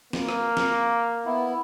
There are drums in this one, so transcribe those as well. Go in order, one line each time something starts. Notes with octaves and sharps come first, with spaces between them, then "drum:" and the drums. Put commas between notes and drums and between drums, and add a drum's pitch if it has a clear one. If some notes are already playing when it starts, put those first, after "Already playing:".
A#3, drum: snare
drum: rim click
drum: snare
B3 E4